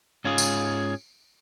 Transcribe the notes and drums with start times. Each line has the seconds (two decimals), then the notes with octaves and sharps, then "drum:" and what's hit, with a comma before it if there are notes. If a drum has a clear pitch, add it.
0.24 G#2 C#4 F4 G#4
0.38 drum: tambourine